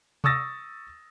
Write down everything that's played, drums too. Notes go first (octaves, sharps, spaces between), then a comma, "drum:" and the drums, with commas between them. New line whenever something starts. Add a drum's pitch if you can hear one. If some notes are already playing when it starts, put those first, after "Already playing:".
C#6 D#6 E6 A6 A#6, drum: tom C3